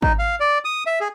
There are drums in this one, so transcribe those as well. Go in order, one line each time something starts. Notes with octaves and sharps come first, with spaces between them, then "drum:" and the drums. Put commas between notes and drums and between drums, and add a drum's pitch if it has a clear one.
D#4, drum: kick G#1
F5
D5
D#6
E5
G#4